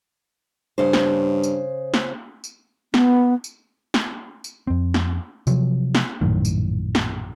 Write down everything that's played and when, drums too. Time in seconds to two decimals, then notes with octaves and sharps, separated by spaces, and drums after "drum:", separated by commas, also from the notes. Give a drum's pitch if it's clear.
0.78 G2 C#3 C5
0.93 drum: snare
1.43 drum: tambourine
1.94 drum: snare
2.44 drum: tambourine
2.94 B3, drum: snare
3.44 drum: tambourine
3.94 drum: snare
4.44 drum: tambourine
4.67 F2 C4
4.94 drum: snare
5.47 C3 F3 F#3, drum: tambourine
5.95 drum: snare
6.21 A#1 F#2 A2 D#3
6.45 drum: tambourine
6.95 drum: snare